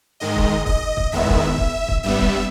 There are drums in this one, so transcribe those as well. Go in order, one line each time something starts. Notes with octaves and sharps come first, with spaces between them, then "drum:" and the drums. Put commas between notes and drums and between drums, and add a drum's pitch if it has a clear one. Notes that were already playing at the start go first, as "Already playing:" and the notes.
G#2 D#3 G#3 D#5
drum: kick
D#5, drum: kick
drum: kick
E2 D#3 G#3 B3 E5
drum: kick
drum: kick
drum: kick
G2 G3 B3 E5
drum: kick